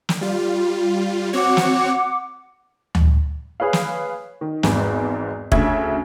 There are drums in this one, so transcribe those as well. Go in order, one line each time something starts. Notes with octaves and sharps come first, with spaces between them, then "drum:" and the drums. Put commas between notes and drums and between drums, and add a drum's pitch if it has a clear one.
drum: snare
G3 F4
C4 F#4 C#5 F#5 D6
drum: snare
drum: tom D2
G#4 B4 C#5 F5
drum: snare
D#3
G#1 E2 G#2, drum: snare
D2 C#3 E5 G#6, drum: kick F1